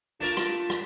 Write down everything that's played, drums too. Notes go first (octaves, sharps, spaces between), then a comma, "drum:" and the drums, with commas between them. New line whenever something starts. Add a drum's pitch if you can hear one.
A3 D4 F4 A#4 A5
drum: rim click
drum: rim click